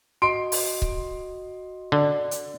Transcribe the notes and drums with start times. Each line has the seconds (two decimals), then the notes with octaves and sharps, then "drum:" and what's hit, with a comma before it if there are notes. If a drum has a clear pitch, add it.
0.22 F#4 D#5 C6 D7
0.52 drum: open hi-hat
0.82 drum: kick C#1
1.92 D3 D5
2.31 drum: hi-hat